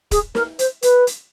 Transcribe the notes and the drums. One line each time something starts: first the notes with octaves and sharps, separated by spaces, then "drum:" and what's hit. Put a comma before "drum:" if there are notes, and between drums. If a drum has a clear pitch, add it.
G#4, drum: kick D1, hi-hat
A#4, drum: snare
C5, drum: hi-hat
B4, drum: hi-hat
drum: hi-hat